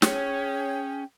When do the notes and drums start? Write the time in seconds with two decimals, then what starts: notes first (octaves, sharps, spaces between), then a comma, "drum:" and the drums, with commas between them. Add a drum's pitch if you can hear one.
0.02 C#4 G#4 C#5 G5, drum: snare